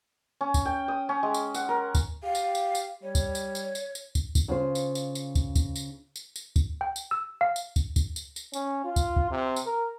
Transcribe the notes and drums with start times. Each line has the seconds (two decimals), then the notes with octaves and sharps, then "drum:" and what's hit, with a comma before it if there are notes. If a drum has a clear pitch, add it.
0.41 C#4
0.54 drum: kick, tambourine
0.65 G5
0.88 D#6
1.09 C#4
1.23 G#3
1.34 drum: tambourine
1.55 F#5, drum: tambourine
1.69 A#4
1.95 drum: kick, tambourine
2.23 G4 F5
2.35 drum: tambourine
2.55 drum: tambourine
2.75 drum: tambourine
3.03 G3 C#5
3.15 drum: kick, tambourine
3.35 drum: tambourine
3.55 drum: tambourine
3.75 drum: tambourine
3.95 drum: tambourine
4.15 drum: kick, tambourine
4.35 drum: kick, tambourine
4.48 C#3 F4 C5
4.75 drum: tambourine
4.95 drum: tambourine
5.15 drum: tambourine
5.35 drum: kick, tambourine
5.55 drum: kick, tambourine
5.76 drum: tambourine
6.16 drum: tambourine
6.36 drum: tambourine
6.56 drum: kick, tambourine
6.81 G5
6.96 drum: tambourine
7.11 E6
7.41 F5
7.56 drum: tambourine
7.76 drum: kick, tambourine
7.96 drum: kick, tambourine
8.16 drum: tambourine
8.36 drum: tambourine
8.53 C#4, drum: tambourine
8.85 F4
8.96 drum: kick, tambourine
9.16 drum: kick
9.31 C3
9.56 drum: tambourine
9.66 A#4